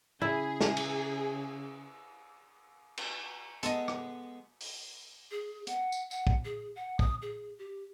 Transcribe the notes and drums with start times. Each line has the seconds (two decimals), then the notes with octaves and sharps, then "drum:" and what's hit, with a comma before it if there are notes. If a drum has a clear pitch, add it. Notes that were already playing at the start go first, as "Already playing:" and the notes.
0.22 C#3 E4 G#4
0.61 drum: snare
0.77 drum: cymbal
2.97 drum: cymbal
3.63 G#3 B3 A4 D#5 D#6, drum: hi-hat
3.88 drum: rim click
4.61 drum: open hi-hat
5.31 G#4
5.67 F#5, drum: hi-hat
5.92 drum: tambourine
6.11 F#5, drum: tambourine
6.27 drum: kick
6.45 G#4
6.76 F#5
6.99 D#6, drum: kick
7.22 G#4
7.59 G4